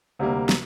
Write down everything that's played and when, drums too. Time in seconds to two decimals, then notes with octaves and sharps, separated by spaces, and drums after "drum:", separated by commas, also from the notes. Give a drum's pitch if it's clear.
0.19 D2 C3 G3 A#3
0.49 drum: snare